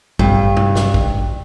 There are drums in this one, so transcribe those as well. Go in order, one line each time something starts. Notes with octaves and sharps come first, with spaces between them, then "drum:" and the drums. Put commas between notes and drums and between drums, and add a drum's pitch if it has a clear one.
G2, drum: kick
drum: tom
drum: snare
drum: kick